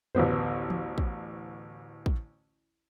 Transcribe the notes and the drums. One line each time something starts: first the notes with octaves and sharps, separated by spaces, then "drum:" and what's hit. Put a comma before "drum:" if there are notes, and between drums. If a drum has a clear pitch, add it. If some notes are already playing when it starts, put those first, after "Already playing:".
A1 D2 B3 C5, drum: tom F2
drum: tom E3
drum: kick
drum: kick